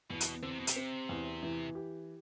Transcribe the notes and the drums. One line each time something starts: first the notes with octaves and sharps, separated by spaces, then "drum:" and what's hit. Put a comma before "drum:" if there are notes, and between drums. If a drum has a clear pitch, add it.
E2 B2
drum: hi-hat
D3 C4
C3
B2
C3, drum: hi-hat
C4
E2
E3
G4